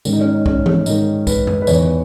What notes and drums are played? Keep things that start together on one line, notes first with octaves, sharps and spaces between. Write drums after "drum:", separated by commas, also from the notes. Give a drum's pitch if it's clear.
G#2 D#3 C#4, drum: tambourine
D#4
C#4
D#4
C#4, drum: kick
drum: tom E3
G#2 D#3 D#4, drum: tambourine
B4, drum: kick, tambourine
drum: tom F#2
B4
E2 D#3 C#5, drum: tambourine